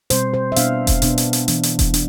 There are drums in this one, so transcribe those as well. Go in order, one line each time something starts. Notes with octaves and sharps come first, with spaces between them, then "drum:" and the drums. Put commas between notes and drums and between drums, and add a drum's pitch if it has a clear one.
B2 G3 C4 C5, drum: hi-hat
C5
E5
B2 B3 D4 F5, drum: hi-hat
drum: kick E1, hi-hat
B2 B3 D4, drum: hi-hat
drum: hi-hat
drum: hi-hat
E3 B3 D4, drum: hi-hat
drum: hi-hat
drum: kick E1, hi-hat
D4, drum: hi-hat